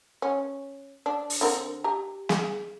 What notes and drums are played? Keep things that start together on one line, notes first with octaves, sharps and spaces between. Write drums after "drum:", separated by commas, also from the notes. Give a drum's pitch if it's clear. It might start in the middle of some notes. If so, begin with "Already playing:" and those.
C#4
D4
drum: open hi-hat
D3 C4 A#4
G4 A#5
G#4, drum: snare